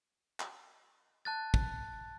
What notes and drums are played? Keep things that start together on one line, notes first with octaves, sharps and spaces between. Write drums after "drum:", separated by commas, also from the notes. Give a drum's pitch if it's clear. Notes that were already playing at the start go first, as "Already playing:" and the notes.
drum: clap
A5 F#6 A6
drum: kick